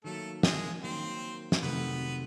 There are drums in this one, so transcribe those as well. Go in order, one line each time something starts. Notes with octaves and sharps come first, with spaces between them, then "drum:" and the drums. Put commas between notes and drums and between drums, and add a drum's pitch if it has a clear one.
D#3 F#3 A3 A#3 A4
G#3 G#4, drum: snare
D#3 F#3 A#3 C4 C5
drum: snare
F2 C3 D#3 F#3 A3 B3 B4